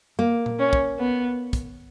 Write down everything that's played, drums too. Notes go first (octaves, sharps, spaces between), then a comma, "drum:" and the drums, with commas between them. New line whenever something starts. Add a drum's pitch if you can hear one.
A#3
drum: tom A#2
C#4
drum: kick
B3
drum: kick, hi-hat